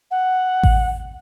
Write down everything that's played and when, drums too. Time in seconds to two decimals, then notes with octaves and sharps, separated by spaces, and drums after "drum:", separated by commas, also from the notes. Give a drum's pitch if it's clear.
0.10 F#5
0.63 drum: kick A1